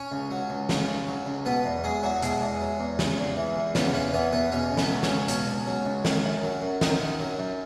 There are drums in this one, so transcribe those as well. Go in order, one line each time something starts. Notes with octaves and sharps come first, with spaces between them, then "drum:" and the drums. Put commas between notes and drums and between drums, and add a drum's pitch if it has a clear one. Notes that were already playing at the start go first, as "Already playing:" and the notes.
Already playing: C#4 C#5
C#2
F#3
C#2
C#3, drum: snare
C#2
F#3
C#2
B2 B3 B4
E2
F#3 G#3 G#4
E2 F#3 F#4
B2 G#3 G#4, drum: hi-hat
E2
F#3
E2
C#3, drum: snare
E2
E3
E2
C#3 B3 B4, drum: snare
E2 C#4 C#5
E3 B3 B4
E2 B3 B4
B2 C#4 C#5
C#2
B3 B4, drum: snare
F#3
C#4 C#5, drum: snare
C#2
B2 C#4 C#5, drum: hi-hat
C#2
F#3
C#2
D#3, drum: snare
F#2
F#3
F#2
D#3 D#4 D#5, drum: snare
F#2
F#3
F#2